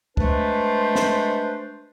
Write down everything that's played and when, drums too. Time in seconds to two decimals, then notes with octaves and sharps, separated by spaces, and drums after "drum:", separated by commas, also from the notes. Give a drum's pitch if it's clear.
0.17 G#3 A3 D4 B4 C5, drum: kick D2
0.95 drum: snare